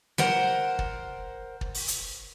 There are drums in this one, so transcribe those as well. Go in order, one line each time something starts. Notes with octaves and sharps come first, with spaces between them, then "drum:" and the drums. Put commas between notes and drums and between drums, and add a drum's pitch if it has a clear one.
A#4 C5 F#5, drum: snare
drum: kick
drum: kick
drum: open hi-hat
drum: hi-hat